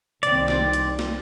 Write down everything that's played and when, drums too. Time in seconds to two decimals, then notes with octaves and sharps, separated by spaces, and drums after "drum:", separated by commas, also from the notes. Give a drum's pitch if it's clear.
0.23 C2 D#3 C4 D5, drum: hi-hat
0.48 drum: snare
0.73 drum: hi-hat
0.99 drum: snare